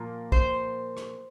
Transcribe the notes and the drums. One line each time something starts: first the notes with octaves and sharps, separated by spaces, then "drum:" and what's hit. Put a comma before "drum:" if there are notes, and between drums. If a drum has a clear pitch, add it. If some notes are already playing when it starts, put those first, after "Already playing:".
Already playing: A#2 F3 A#3
C5, drum: kick
drum: rim click